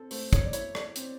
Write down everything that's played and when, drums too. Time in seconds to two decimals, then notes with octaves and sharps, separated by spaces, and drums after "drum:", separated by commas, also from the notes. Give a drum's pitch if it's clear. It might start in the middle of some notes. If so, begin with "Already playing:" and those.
Already playing: C4 A4
0.11 A3 C5, drum: open hi-hat
0.33 C#5, drum: kick, hi-hat
0.45 D5
0.53 E4 C#5, drum: hi-hat
0.75 D5, drum: rim click
0.96 C4, drum: hi-hat